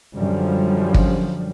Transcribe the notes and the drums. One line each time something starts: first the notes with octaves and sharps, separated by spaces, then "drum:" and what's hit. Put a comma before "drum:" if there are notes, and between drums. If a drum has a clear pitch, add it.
F#2 D3 F3 G3
drum: kick